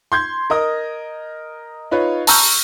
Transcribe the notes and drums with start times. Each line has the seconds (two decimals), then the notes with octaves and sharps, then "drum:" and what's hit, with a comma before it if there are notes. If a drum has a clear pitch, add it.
0.12 C6 G6 G#6
0.50 A#4 D#5 D#6
1.91 D#4 F4 B4 C#5
2.27 A5 A#5 C#6 E6 F6 G6, drum: open hi-hat